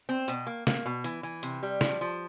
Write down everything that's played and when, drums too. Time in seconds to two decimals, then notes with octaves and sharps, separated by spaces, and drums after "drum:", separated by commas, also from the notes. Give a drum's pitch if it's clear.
0.09 C4
0.28 B2, drum: hi-hat
0.47 A#3
0.67 A#3, drum: snare
0.86 B2
1.04 E3, drum: hi-hat
1.23 E3
1.43 C3, drum: hi-hat
1.63 G3
1.81 F3, drum: snare
2.01 F3